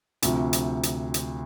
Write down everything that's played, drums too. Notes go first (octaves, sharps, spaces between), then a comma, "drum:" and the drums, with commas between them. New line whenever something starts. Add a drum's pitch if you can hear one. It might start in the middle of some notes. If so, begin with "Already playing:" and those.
D2 C3 F3, drum: hi-hat
drum: hi-hat
drum: hi-hat
drum: hi-hat